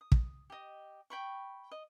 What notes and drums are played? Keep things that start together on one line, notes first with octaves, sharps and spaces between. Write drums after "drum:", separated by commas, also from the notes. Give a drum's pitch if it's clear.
D#6
drum: kick
G4 D#5
G5 B5 C#6
D#5